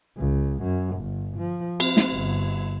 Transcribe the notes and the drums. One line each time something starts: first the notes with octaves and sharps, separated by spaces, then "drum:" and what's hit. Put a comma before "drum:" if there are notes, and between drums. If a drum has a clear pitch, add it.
C#2
F#2
G1
F3
C4, drum: cymbal
drum: snare
G1